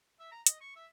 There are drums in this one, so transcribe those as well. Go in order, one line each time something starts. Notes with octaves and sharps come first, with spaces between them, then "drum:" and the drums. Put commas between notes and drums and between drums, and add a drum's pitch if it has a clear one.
E5
A#5
D#5, drum: hi-hat
C#6
E5